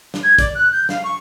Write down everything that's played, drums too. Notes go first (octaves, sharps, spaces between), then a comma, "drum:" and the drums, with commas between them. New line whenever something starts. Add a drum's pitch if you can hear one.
drum: snare
G#6
D5, drum: kick, hi-hat
F#6
G6
F5, drum: snare
C#6